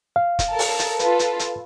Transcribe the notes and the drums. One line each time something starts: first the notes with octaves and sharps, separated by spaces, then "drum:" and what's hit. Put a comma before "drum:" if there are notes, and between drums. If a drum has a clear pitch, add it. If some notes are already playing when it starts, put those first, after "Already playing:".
F5
drum: kick, hi-hat
A4 A#4 A5
drum: open hi-hat
drum: hi-hat
F4 A4 B4, drum: hi-hat
drum: hi-hat
drum: hi-hat